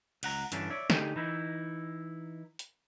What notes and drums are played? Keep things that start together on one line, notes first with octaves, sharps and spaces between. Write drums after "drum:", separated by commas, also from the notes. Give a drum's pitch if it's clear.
C#2 F#5 A#5, drum: cymbal
G2 D3 E3 C#4 D4, drum: hi-hat
C#5 D5 E5
D3 A3 D#4 G4 G#4, drum: snare
E3 D#4 E4
drum: hi-hat